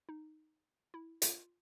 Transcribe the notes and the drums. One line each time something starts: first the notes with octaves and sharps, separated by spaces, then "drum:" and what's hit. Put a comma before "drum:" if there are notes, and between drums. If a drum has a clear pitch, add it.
D#4
E4
F4, drum: hi-hat